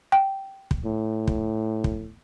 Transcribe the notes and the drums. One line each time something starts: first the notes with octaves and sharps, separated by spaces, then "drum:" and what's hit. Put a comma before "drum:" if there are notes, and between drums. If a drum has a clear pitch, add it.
G5
drum: kick
A2
drum: kick
drum: kick